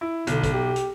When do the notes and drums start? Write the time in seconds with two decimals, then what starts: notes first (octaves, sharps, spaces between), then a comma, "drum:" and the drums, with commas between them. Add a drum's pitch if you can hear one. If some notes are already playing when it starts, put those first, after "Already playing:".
0.01 E4
0.27 B1 D3, drum: hi-hat
0.43 drum: kick A1, hi-hat
0.53 G4
0.76 drum: hi-hat